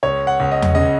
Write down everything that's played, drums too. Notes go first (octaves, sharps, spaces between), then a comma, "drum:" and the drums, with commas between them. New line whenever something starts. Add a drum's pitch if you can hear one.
C#2 C#5
F#5
C#2
D#5
drum: tom E2
C#3 D#5